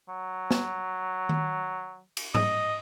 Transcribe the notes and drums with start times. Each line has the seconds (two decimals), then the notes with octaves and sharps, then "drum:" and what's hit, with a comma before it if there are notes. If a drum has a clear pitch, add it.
0.08 F#3
0.51 drum: snare
1.29 drum: tom D#3
2.17 drum: cymbal
2.35 D#5, drum: tom G#2